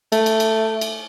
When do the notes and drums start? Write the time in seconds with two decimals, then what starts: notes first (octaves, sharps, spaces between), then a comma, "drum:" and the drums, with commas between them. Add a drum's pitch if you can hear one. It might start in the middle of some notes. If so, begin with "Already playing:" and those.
0.12 A3, drum: cymbal
0.26 drum: cymbal
0.40 drum: cymbal
0.81 drum: cymbal